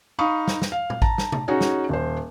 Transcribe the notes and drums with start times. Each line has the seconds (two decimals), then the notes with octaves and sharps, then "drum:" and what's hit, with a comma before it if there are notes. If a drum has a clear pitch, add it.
0.19 D#4 F5 B5 C#6 D#6
0.48 drum: snare
0.62 drum: snare
0.72 F5
0.90 drum: tom A#2
1.02 A5 A#5, drum: kick A1
1.18 drum: snare
1.32 drum: tom C3
1.48 C#4 D#4 F#4 G#4 F#5
1.61 drum: snare
1.89 D#1 C5